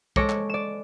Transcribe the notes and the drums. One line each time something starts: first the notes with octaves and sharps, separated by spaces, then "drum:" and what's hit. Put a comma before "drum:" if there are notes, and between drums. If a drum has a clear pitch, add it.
G#3 A4 C#5 D6 A#6 C#7, drum: kick
drum: clap
D5 E7